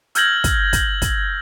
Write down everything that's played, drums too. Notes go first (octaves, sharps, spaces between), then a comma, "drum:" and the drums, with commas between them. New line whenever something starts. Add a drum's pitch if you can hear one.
E6 F6 G6 G#6 A#6 F#7, drum: hi-hat
drum: kick, hi-hat
drum: kick, hi-hat
drum: kick, hi-hat